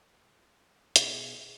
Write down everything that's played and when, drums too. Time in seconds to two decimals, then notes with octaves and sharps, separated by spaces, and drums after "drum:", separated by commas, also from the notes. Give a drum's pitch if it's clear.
0.96 B2 G#4, drum: hi-hat